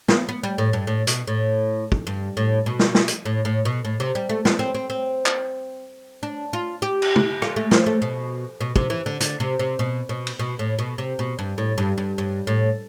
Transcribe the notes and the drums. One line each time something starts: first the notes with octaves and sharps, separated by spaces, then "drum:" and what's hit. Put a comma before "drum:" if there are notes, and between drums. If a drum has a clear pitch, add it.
B3, drum: snare
B3
G3
A2
G2
A2
B2, drum: hi-hat
A2
drum: kick
G2
A2
B2
drum: snare
drum: snare
drum: hi-hat
A2
A2
B2
A2
C3
G3
A3
B3, drum: snare
C4
C4
C4
drum: clap
D4
F4
G4
drum: cymbal
drum: tom
F4, drum: rim click
A3
F3, drum: snare
A3
B2
B2
C3, drum: kick
E3
D3
D3, drum: hi-hat
C3
C3
B2
B2
drum: cymbal
B2
A2
B2
C3
B2
G2
A2
G2
G2
G2
A2